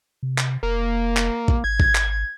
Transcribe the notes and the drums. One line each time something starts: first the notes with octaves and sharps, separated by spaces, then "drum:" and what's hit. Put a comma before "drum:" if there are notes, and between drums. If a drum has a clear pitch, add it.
C3
drum: clap
F1 A#3
drum: clap
drum: kick A1
G#1 G#6
drum: kick A1
drum: clap